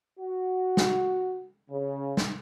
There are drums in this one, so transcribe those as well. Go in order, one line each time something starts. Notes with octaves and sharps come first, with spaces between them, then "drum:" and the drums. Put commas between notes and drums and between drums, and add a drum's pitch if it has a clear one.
F#4
drum: snare
C#3
drum: snare